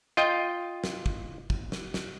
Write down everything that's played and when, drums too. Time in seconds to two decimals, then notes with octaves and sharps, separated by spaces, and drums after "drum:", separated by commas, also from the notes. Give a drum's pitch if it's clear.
0.17 F4 D#5 G5
0.84 drum: snare
1.06 drum: kick
1.50 drum: kick
1.72 drum: snare
1.94 drum: snare